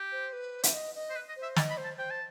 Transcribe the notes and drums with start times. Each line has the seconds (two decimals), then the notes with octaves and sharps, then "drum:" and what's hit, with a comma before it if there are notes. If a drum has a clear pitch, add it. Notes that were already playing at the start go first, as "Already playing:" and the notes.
Already playing: G4
0.12 C5
0.33 B4
0.63 E5, drum: hi-hat
0.74 D#5
0.95 D#5
1.10 C5
1.15 B4
1.29 D#5
1.36 C5
1.43 E5
1.56 D#5 A5, drum: snare
1.71 B5
1.77 C5
1.84 A5
1.98 C5 G5
2.11 A5